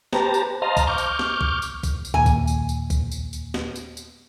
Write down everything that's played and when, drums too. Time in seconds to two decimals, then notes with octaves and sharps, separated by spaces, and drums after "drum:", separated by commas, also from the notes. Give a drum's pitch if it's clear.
0.13 G4 B4 C5 A5 A#5, drum: snare
0.34 drum: tambourine
0.62 C5 D#5 F5 A5 A#5 C6
0.77 drum: kick B1, tambourine
0.87 C#6 D6 F6 G6
0.98 drum: tambourine
1.19 drum: snare
1.41 drum: kick B1
1.62 drum: tambourine
1.83 drum: kick B1, tambourine
2.05 drum: tambourine
2.14 D#2 A#2 G#5
2.26 drum: kick B1, tambourine
2.47 drum: tambourine
2.69 drum: tambourine
2.90 drum: kick B1, tambourine
3.12 drum: tambourine
3.33 drum: tambourine
3.54 drum: snare
3.76 drum: tambourine
3.97 drum: tambourine